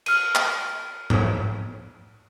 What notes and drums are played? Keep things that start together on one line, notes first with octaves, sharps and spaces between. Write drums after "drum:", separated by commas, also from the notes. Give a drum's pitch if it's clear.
F6 D#7, drum: cymbal
drum: clap
drum: tom G#2